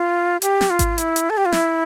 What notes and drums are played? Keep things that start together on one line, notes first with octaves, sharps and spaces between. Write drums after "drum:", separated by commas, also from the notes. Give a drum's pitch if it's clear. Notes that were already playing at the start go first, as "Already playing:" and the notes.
Already playing: F4
G4, drum: hi-hat
drum: snare
F4
drum: kick G#1, hi-hat
E4, drum: hi-hat
drum: hi-hat
A4
G4
F4
E4, drum: snare